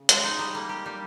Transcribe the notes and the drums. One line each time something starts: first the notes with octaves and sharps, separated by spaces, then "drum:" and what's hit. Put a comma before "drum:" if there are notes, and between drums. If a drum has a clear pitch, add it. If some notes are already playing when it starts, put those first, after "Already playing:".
Already playing: C#3
G#3, drum: hi-hat
D#4
G3
A#3
G4
G3